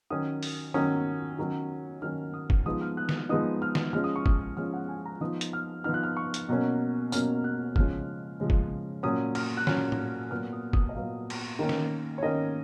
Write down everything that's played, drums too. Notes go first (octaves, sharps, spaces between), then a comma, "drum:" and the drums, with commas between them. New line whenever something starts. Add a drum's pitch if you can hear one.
D#3 F#3 C#4 D#6
drum: open hi-hat
D#3 F#3 C#4 D#6
D#3 F#3 C#4
D#3 F#3 C#4 F6
D#6
drum: kick
F3 G#3 B3 D#4 D#6
F6
F#6
drum: snare
F3 G#3 B3 D#4 D#6
F6
drum: snare
F3 G#3 C#4 F6
D#6
C#6
D#6, drum: kick
F3 G#3 C#4 F6
F#5
G#5
A#5
F3 B3 D#4 D#6
drum: hi-hat
F6
F3 B3 D#4 F6
F#6
F6
C#6
drum: hi-hat
B2 F#3 A#3 C#4
B2 F#3 A#3 C#4 F6, drum: tambourine
F#6
C#3 F3 G#3 C#4 F6, drum: kick
C#3 F3 G#3 C#4
drum: kick
A#2 F#3 C#4 D#6
F6, drum: cymbal
F#6
A#2 F#3 C#4 F6, drum: snare
drum: tom A2
A#2 F#3 B3 F6
D#6
D#6, drum: kick
D#5
A#2 F#3 B3 F5
drum: cymbal
D#3 A#3 C#4
drum: snare
C#5
D#3 A#3 C#4 D#5